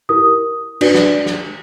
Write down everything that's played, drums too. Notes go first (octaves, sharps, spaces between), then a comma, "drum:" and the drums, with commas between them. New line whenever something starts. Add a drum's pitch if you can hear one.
E4 G4 A#4 D#6
D4 F#4 B4 D5, drum: cymbal
drum: snare
drum: snare